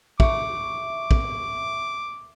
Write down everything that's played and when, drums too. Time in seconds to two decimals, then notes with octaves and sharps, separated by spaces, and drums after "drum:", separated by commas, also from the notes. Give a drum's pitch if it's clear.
0.20 E5 C#6 D6, drum: kick
1.11 drum: kick